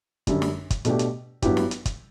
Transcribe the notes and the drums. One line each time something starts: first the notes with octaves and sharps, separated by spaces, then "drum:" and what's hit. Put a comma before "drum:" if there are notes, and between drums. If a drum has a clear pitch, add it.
F#2 D3 G3, drum: kick, hi-hat
drum: snare
drum: kick, hi-hat
B2 A3 D4 G4, drum: hi-hat
drum: hi-hat
G2 F#3 B3 E4 G4, drum: kick, hi-hat
drum: snare
drum: hi-hat
drum: kick, hi-hat